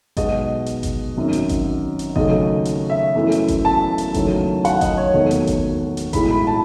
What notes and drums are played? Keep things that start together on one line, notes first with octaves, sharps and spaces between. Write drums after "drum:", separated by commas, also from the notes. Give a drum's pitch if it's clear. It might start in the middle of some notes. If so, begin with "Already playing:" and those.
B1 B2 G#3 D#5, drum: kick G#1, hi-hat
drum: hi-hat
drum: kick G#1, hi-hat
G#1 F#2 D#3
drum: hi-hat
drum: kick G#1, hi-hat
drum: hi-hat
D#2 C#3 F#3 A3 D#5, drum: kick G#1
drum: hi-hat
E5
F#2 E3 A3
drum: hi-hat
drum: kick G#1, hi-hat
A5
drum: hi-hat
F#1 E2 D#3 F#3 A3, drum: kick G#1, hi-hat
F#5, drum: hi-hat
D#5, drum: kick G#1, hi-hat
C#5
E1 D#2 D#3 F#3 A3
drum: hi-hat
drum: kick G#1, hi-hat
drum: hi-hat
B1 A2 G#3 B5, drum: kick G#1, hi-hat
B5
A5